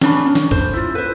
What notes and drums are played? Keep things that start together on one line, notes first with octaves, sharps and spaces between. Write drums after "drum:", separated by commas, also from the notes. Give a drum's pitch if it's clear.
C#4 D4 B5, drum: snare
C#4
drum: snare
C5, drum: kick
E4 F4
B4 C5